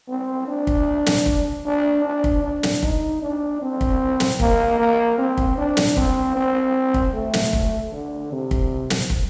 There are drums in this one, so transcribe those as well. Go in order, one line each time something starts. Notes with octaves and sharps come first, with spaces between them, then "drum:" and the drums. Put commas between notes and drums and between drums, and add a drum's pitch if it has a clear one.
C4
D4
drum: kick
drum: snare
drum: kick
D4
D4
drum: kick
D4
drum: snare
D#4, drum: kick
D4
C4
drum: kick
drum: snare
A#3, drum: kick
A#3
C4
drum: kick
D4
drum: snare
C4, drum: kick
C4
drum: kick
A3
drum: snare
drum: kick
D3
C3
drum: kick
drum: snare
drum: kick